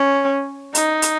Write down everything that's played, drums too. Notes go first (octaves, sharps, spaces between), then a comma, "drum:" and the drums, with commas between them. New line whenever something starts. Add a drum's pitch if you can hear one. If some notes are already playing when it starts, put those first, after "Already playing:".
Already playing: C#4
D#4, drum: hi-hat
drum: hi-hat